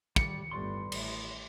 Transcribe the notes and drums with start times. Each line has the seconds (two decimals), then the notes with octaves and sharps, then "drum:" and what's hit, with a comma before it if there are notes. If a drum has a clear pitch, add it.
0.16 D#3 G3 D5 C#7, drum: kick
0.51 G1 A2 G3 G4 B4 D5 C6 C#6
0.92 A1, drum: cymbal